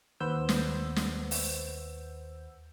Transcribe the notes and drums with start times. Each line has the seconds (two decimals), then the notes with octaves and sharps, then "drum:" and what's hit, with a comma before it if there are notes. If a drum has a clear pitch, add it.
0.20 D#2 B4 C5 F#5 E6 G6
0.49 drum: snare
0.96 drum: snare
1.31 drum: open hi-hat